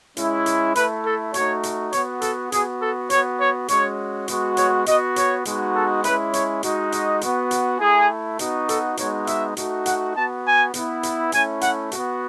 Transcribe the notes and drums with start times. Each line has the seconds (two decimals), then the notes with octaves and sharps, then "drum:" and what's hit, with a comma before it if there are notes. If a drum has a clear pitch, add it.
0.17 G#3 C#4 E4, drum: hi-hat
0.46 drum: hi-hat
0.75 A3 E4 B4, drum: hi-hat
1.05 A4
1.34 A3 D#4 F#4 C#5, drum: hi-hat
1.63 drum: hi-hat
1.93 B3 F#4 C#5, drum: hi-hat
2.22 A4, drum: hi-hat
2.52 B3 F#4 G#4, drum: hi-hat
2.82 A4
3.10 B3 F#4 C#5, drum: hi-hat
3.39 C#5
3.68 G#3 C#4 F#4 C#5, drum: hi-hat
4.28 G#3 B3 F#4, drum: hi-hat
4.57 C#5, drum: hi-hat
4.86 B3 F#4 D#5, drum: hi-hat
5.16 C#5, drum: hi-hat
5.45 G#3 B3 D#4 F#4, drum: hi-hat
5.75 A4
6.04 G#3 C#4 E4 B4, drum: hi-hat
6.33 C#5, drum: hi-hat
6.63 G#3 D#4 F#4, drum: hi-hat
6.92 D#5, drum: hi-hat
7.21 B3 F#4, drum: hi-hat
7.51 drum: hi-hat
7.80 A3 E4 G#4
8.39 B3 D#4 F#4, drum: hi-hat
8.69 A4, drum: hi-hat
8.97 G#3 B3 D#4 F#4 C#5, drum: hi-hat
9.27 E5, drum: hi-hat
9.57 A3 D#4 F#4, drum: hi-hat
9.86 F#5, drum: hi-hat
10.15 B3 F#4 A5
10.45 G#5
10.74 B3 E4, drum: hi-hat
11.03 drum: hi-hat
11.32 A3 C#4 E4 G#5, drum: hi-hat
11.61 F#5, drum: hi-hat
11.92 B3 F#4, drum: hi-hat